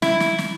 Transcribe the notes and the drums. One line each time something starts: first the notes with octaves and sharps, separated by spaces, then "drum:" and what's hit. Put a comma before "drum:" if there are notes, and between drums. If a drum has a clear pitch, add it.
E4, drum: snare
drum: snare
drum: snare